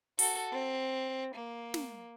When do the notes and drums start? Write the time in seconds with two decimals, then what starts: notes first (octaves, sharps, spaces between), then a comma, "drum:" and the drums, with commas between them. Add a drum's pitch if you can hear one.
0.19 F#4 A4, drum: open hi-hat
0.52 C4
1.35 A#3
1.74 drum: snare